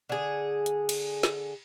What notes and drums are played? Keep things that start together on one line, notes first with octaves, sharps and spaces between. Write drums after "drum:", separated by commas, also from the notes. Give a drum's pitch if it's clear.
D3 G#4
drum: hi-hat
drum: cymbal
drum: snare